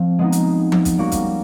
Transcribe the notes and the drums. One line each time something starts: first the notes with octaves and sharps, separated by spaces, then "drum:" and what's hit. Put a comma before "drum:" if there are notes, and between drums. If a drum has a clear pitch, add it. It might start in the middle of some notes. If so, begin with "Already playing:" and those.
Already playing: F3 C4
G#3 B3 D#4
drum: hi-hat
drum: tom F3
drum: kick, hi-hat
G3 A#3 C#4 F#4
drum: kick, hi-hat